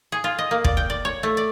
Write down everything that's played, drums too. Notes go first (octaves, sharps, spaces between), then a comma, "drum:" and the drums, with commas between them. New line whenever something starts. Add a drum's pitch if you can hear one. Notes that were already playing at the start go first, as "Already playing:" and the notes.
G#4
F4
D#5
A#3
D5, drum: kick
G5
D5
C#5
A3
D5